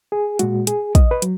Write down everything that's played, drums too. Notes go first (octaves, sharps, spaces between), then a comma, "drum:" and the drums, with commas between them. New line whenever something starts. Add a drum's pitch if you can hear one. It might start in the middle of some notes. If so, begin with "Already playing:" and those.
G#4
A#2 G#3 F#4, drum: hi-hat
G#4, drum: hi-hat
D#5, drum: kick, hi-hat
B4
F#3, drum: hi-hat